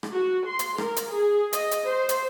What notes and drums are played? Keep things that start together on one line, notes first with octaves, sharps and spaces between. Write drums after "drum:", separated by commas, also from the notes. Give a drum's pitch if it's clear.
drum: rim click
F#4
C6
drum: hi-hat
A#4, drum: rim click
drum: hi-hat
G#4
D#5, drum: hi-hat
drum: hi-hat
C5
drum: hi-hat